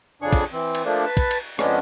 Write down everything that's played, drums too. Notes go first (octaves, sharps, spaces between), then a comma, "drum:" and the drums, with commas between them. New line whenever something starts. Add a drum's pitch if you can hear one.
F2 C#3 D4 G#4 C#6
drum: kick, cymbal
E3 C4
drum: cymbal
F3 A3 A#3 D4
B4 A5
drum: kick, cymbal
drum: cymbal
F2 G#3 B3 C#4 D4, drum: rim click